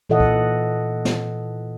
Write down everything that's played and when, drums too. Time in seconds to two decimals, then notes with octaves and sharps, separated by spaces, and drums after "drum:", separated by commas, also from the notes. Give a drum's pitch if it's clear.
0.09 A#2 E3 A4 D#5 F#5
0.20 drum: kick C2
1.05 drum: snare